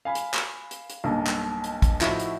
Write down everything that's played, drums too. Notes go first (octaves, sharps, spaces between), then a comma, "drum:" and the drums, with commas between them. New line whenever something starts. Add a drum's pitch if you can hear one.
F5 G#5 B5
drum: hi-hat
drum: clap
drum: hi-hat
drum: hi-hat
B1 G2 B2 A#3
drum: clap
drum: hi-hat
drum: kick, hi-hat
A2 F3 D#4 E4 F#4, drum: clap
drum: hi-hat